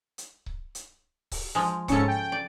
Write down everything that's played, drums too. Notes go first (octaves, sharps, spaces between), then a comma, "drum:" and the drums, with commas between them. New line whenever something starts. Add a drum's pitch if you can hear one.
drum: hi-hat
drum: kick C#1
drum: hi-hat
drum: kick C#1, open hi-hat
F3 G#3
G#2 C#3 C#4 A4 C#7, drum: kick C#1, hi-hat
G5
D5